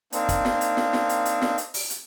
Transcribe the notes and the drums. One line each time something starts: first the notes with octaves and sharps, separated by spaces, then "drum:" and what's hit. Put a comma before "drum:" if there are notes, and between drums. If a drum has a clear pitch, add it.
A#3 C4 D4 D#4, drum: hi-hat
drum: kick, hi-hat
drum: snare
drum: hi-hat
drum: snare
drum: snare
drum: hi-hat
drum: hi-hat
drum: snare
drum: hi-hat
drum: open hi-hat
drum: hi-hat